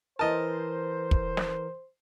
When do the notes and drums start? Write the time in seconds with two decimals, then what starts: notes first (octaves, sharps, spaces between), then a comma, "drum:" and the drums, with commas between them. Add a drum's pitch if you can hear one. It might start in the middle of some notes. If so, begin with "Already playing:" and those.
0.19 E3 A#4 C5 D#5 A5
1.11 drum: kick
1.37 drum: snare